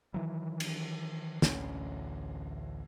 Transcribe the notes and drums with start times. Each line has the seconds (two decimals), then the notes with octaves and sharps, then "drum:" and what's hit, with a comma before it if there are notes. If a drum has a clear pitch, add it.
0.14 D#3 E3 F#3
0.60 drum: cymbal
1.42 A1 D2 C#4, drum: snare